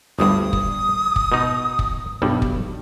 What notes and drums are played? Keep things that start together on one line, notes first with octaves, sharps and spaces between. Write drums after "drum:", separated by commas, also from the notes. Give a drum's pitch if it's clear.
G1 D2 G2 D#6
drum: kick
drum: kick
B2 D#4
drum: kick
B1 G2 G3
drum: kick